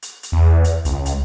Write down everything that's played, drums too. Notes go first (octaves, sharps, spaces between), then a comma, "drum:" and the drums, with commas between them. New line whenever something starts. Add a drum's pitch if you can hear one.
drum: hi-hat
drum: hi-hat
E2
drum: hi-hat
C#2, drum: hi-hat
drum: hi-hat